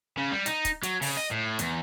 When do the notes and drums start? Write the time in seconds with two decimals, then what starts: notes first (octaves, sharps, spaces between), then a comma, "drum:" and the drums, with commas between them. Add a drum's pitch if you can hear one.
0.17 C#3
0.32 G3
0.46 D#4, drum: hi-hat
0.65 drum: kick, hi-hat
0.83 F#3, drum: hi-hat
1.02 C#3, drum: open hi-hat
1.17 D#5
1.31 A2
1.59 E2, drum: hi-hat